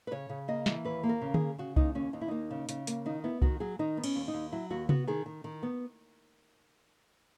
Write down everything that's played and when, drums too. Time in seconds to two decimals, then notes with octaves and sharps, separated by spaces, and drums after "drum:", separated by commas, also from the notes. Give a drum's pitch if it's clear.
0.07 B4
0.11 C#3 C#5
0.29 C#3
0.48 A#3 D#5
0.66 E3, drum: snare
0.85 D#2 B4
1.03 A#3
1.09 A#4
1.21 C#3
1.34 G#4, drum: tom D3
1.40 C#3
1.58 C#3 F#4
1.76 D#2 D#4, drum: kick C2
1.95 D#2 C#4
2.13 D#2 D#4
2.21 E4
2.28 A#3 D#4
2.51 C#3
2.69 C#3, drum: hi-hat
2.87 A#3, drum: hi-hat
3.06 D#3 D#4
3.24 B3 E4
3.42 D#3 F#4, drum: kick C2
3.60 F#3 G#4
3.79 D#3 D#4
3.97 B3
4.04 C#4, drum: cymbal
4.15 D#2
4.28 D#4
4.34 D#2
4.52 F#3 E4
4.70 D#2 F#4
4.89 B3 F#4, drum: tom C3
5.07 D#3 G#4
5.26 D#3
5.44 D#3
5.63 B3